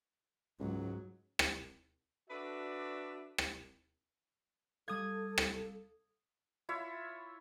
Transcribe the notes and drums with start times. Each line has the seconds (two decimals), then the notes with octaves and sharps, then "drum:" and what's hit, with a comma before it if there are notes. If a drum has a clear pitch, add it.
0.60 C#2 G#2 F#3
1.39 drum: rim click
2.29 D4 F#4 A4 B4 D5 E5
3.38 drum: rim click
4.88 G3 A4 F5 D#6 G#6
5.38 drum: rim click
6.69 E4 F4 C#5 E5